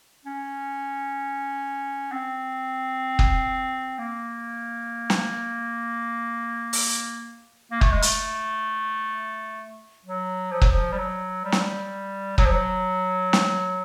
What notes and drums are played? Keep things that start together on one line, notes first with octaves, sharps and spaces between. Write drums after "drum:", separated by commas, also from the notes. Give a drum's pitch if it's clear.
C#4
C4
drum: kick
A#3
drum: snare
drum: open hi-hat
A#3
A3, drum: kick
G#3
A3, drum: hi-hat
F#3
F3
F#3, drum: kick
F3
G3
F#3
G3
F#3, drum: snare
G3
F#3, drum: kick
F3
F#3
drum: snare